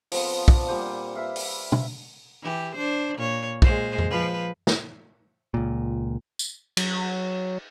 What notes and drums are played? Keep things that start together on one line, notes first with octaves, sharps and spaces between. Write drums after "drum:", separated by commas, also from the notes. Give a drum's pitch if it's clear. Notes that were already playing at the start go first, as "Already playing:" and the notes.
F3 B3 C4 F5, drum: open hi-hat
D5 A5, drum: kick
A#2 G3 C5 F#5
B4 E5 F5
drum: open hi-hat
drum: tom
E3 G4
D4 C5
A#2 C#5
A#2 G#3 C5, drum: kick
drum: tom F2
F3 B4
drum: snare
C#2 A#2
drum: tambourine
F#3, drum: cymbal